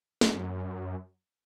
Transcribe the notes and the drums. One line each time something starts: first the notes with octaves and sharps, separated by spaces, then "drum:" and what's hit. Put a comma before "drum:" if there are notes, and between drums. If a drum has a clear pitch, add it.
F#2, drum: snare